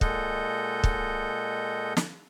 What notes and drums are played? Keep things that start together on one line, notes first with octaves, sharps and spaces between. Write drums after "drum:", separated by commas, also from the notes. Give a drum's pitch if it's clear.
A#2 G#3 A4 D#5 F#5 G6, drum: kick
drum: kick
drum: snare